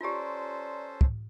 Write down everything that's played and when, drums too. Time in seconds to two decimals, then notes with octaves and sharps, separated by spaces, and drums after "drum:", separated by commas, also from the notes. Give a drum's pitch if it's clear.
0.01 C#4 F4 G4 A4 C5 D5 A#5 C6
1.01 drum: kick